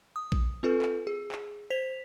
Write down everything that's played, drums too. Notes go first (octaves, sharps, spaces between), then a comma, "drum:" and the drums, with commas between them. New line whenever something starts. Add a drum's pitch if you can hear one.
D#6
drum: kick A#1
C4 F4 A4 B4
drum: clap
G#4
drum: clap
C5 B6 F7